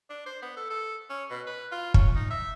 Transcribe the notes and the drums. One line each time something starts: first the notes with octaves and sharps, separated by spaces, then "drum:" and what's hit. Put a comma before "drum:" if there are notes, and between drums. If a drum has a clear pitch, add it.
D4
C5
B3
A4
A4
C#4
B2
B4
F4
C#4, drum: kick
D#4
E5